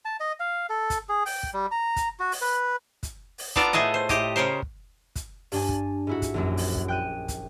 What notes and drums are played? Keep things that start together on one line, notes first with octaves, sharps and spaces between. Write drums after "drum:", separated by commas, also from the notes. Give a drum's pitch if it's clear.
A5
D#5
F5
A4
drum: kick, hi-hat
G#4
G5, drum: open hi-hat
drum: kick
G3
A#5
drum: kick, hi-hat
F#4
drum: open hi-hat
B4
drum: kick, hi-hat
drum: open hi-hat
B3 D4 F4 A4 D5 A#5, drum: kick
A2 A3 G#4 A4 D#5
C5
A2 G4 D#5, drum: kick, hi-hat
C#3 C#4 A#4 C5
drum: kick
drum: kick, hi-hat
G2 D4 G#5, drum: open hi-hat
drum: kick
G#2 E4 F#4
drum: kick, hi-hat
A#1 F#2 F#3
drum: open hi-hat
drum: kick
G5 F#6 D#7
drum: kick, hi-hat